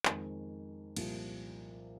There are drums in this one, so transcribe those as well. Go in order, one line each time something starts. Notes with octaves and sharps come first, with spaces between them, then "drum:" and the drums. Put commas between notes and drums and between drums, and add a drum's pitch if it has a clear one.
F2 D#3 G#3, drum: clap
C2 A#2 F3, drum: cymbal